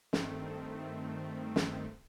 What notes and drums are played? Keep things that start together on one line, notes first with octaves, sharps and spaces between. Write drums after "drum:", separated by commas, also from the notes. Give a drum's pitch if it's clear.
G2 D#3 A3 C4, drum: snare
drum: snare